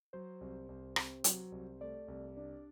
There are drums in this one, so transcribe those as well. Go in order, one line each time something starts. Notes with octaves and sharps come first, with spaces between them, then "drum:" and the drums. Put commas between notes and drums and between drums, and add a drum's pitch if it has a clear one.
F#3 C5
C2
C2
C3, drum: rim click
F#3, drum: hi-hat
C2
A3 D5
C2
D4